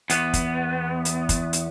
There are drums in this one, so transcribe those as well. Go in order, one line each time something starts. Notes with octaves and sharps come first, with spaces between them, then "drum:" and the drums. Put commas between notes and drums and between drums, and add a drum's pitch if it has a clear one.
E2 B3, drum: hi-hat
drum: kick, hi-hat
drum: hi-hat
drum: kick, hi-hat
drum: hi-hat